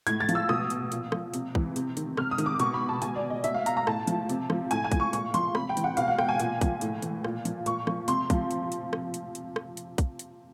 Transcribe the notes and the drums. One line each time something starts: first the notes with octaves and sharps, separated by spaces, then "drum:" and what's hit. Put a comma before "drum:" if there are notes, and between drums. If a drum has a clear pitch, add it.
A2 G#6, drum: hi-hat
A6
F3, drum: hi-hat
E6
B2 D#6, drum: rim click
drum: hi-hat
A#2, drum: hi-hat
F3, drum: rim click
C3, drum: hi-hat
E3, drum: kick
C3, drum: hi-hat
D#3, drum: hi-hat
C3 F6, drum: rim click
D#6
D#3, drum: hi-hat
D6
B2 C#6, drum: hi-hat
B5
A5
B2 G#5, drum: hi-hat
D5
D#5
B2 E5, drum: hi-hat
F5
A#5, drum: hi-hat
A#5
A2 A5, drum: rim click
F3, drum: hi-hat
C3, drum: hi-hat
F3, drum: rim click
A2 G#5, drum: hi-hat
G#5
F3, drum: kick, hi-hat
C#6
A#2 C#6, drum: hi-hat
F3 C6, drum: hi-hat
C3 B5, drum: rim click
G5
E3, drum: hi-hat
F#5
B2 F5, drum: hi-hat
F#5
G5, drum: rim click
G#5
A#2, drum: hi-hat
F3, drum: kick, hi-hat
A2, drum: hi-hat
E3, drum: hi-hat
A#2, drum: rim click
F3, drum: hi-hat
A#2 C#6, drum: hi-hat
F3, drum: rim click
C3 C6, drum: hi-hat
F3, drum: kick, hi-hat
drum: hi-hat
drum: hi-hat
drum: rim click
drum: hi-hat
drum: hi-hat
drum: rim click
drum: hi-hat
drum: kick, hi-hat
drum: hi-hat